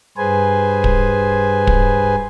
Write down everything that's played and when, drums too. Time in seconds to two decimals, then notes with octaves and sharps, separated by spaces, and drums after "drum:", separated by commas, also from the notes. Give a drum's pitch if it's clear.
0.17 G2 G#4 B4 C5 G#5
0.84 drum: kick
1.67 drum: kick